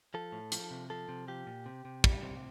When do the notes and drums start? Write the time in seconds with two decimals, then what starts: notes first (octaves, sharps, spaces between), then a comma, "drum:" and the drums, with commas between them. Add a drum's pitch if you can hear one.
0.14 F3 A4
0.32 A2
0.52 F3, drum: hi-hat
0.71 C3
0.90 F3 A4
1.09 C3
1.28 F3 G4
1.47 A#2
1.66 C3
1.85 C3
2.04 G3, drum: kick
2.23 C3